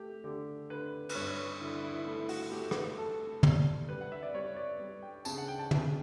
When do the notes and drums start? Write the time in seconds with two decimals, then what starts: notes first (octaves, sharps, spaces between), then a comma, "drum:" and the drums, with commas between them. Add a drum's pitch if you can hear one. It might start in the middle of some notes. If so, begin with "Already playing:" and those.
Already playing: A3 G4
0.24 D3 G4
0.70 D3 B4
1.09 B4, drum: cymbal
1.15 G2 C#5
1.61 D3 E4
1.83 E4
2.07 A3 E4
2.29 F#4, drum: open hi-hat
2.51 A3 G4
2.71 drum: rim click
2.98 A3 A4
3.43 G3, drum: tom
3.89 G3 B4
4.01 F#5
4.12 E5
4.23 D5
4.34 G3 C#5
4.56 D5
4.79 G3
5.03 G5
5.25 C#3 A5, drum: tambourine
5.38 F#5
5.48 G5
5.59 A5
5.71 C#3 G5, drum: tom